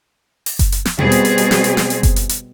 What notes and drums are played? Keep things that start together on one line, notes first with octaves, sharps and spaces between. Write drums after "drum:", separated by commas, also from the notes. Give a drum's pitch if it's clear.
drum: open hi-hat
drum: kick F#1, hi-hat
drum: hi-hat
drum: snare
B2 G3 C4 G#4, drum: tom B2
drum: hi-hat
drum: hi-hat
drum: hi-hat
drum: snare
drum: hi-hat
drum: snare
drum: hi-hat
drum: kick F#1, hi-hat
drum: hi-hat
drum: hi-hat